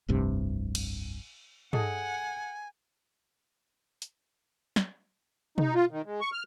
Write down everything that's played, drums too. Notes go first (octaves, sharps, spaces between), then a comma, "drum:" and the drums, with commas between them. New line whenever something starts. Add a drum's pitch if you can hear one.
F1 C2 G2 C3
drum: cymbal
G#4 A4 D#5 F#5 G#5, drum: tom
drum: hi-hat
drum: snare
D#4, drum: tom
F4
D#3
G#3
C#6
F6